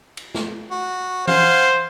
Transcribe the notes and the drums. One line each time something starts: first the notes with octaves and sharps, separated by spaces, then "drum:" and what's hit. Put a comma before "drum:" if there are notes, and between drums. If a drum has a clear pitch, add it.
drum: cymbal
drum: snare
F#4
C5 F5 F#5 G#5, drum: tom E3